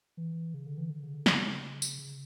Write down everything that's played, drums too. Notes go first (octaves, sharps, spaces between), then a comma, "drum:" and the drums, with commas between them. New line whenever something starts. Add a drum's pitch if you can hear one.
E3
C#3
D3
E3
D3
C#3
D3
C#3, drum: snare
C#3
drum: tambourine
C#3